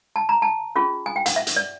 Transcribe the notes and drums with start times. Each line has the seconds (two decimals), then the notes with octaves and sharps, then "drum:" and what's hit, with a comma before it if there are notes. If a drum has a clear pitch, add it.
0.16 A5
0.29 A#5
0.42 A5
0.76 C#4 F4 G#4
1.06 G#5
1.16 G5
1.26 F#5, drum: hi-hat
1.36 E5
1.47 drum: hi-hat
1.56 D5